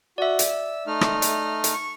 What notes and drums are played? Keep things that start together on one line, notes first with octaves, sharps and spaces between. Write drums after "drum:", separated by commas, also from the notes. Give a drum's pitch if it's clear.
F#4 D5 E5
drum: hi-hat
E6
A3 D#4 F6
drum: rim click
drum: hi-hat
drum: hi-hat
C#6